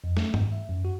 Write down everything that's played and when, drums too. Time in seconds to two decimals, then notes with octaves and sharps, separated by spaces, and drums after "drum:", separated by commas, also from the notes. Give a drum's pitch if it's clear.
0.04 F2
0.17 A3, drum: snare
0.34 G#2, drum: tom
0.53 E5
0.69 F#2
0.85 F#4